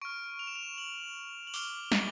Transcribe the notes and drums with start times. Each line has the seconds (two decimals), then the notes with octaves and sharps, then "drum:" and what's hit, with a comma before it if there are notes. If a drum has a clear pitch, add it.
0.01 C#6 F6 D7
0.39 F7
0.47 E7
0.56 F7
0.78 F#7
1.47 F#7
1.54 D6 F6 G7, drum: open hi-hat
1.92 F#7, drum: snare